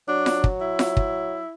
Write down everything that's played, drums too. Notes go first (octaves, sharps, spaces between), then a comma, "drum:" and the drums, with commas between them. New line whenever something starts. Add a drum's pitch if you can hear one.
F#3 D4
drum: snare F4
drum: kick
E4
drum: snare F4
drum: kick